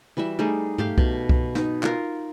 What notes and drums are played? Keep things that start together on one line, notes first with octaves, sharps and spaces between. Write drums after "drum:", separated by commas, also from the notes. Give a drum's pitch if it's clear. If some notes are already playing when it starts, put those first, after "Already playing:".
E3 G3 F#4 E5
G3 A3 D#4 G#4
A3 G4 F5, drum: tom
B2, drum: kick C2
drum: kick C2
D#4, drum: snare
F4 A#4, drum: clap